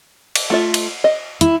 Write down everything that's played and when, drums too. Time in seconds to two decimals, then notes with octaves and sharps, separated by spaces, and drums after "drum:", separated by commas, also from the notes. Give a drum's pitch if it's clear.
0.36 drum: cymbal
0.50 A3 F4 E5
0.74 drum: cymbal
1.04 D#5
1.41 E4, drum: hi-hat